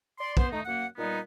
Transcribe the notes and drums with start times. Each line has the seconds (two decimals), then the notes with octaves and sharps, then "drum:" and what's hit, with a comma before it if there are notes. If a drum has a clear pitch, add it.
0.19 D5 C6
0.37 B3 C5, drum: kick
0.51 A3 D#4
0.65 F#2 A#3 F#5
0.97 A#2 G3 B3 D#4